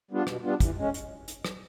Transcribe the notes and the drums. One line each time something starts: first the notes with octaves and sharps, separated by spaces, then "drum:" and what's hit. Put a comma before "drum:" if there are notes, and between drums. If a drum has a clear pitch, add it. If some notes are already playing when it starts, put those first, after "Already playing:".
G3 B3 D4 F4
B2, drum: rim click
G3 B3 D4 F4
E3, drum: kick, hi-hat
G#3 C#4
drum: hi-hat
drum: hi-hat
drum: rim click